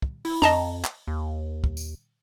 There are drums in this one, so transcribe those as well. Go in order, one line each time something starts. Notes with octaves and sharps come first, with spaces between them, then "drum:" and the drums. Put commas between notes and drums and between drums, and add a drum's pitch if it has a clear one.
drum: kick
E4, drum: open hi-hat
F2 D#5 A5 A#5, drum: snare
drum: clap
D#2
drum: kick
drum: tambourine